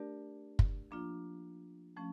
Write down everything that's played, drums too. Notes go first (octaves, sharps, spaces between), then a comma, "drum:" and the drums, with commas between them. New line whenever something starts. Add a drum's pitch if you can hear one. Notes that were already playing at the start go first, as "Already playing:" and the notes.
Already playing: A3 D4 G4 A#4 D5
drum: kick
F3 A#3 D4 F4
F3 A3 C#4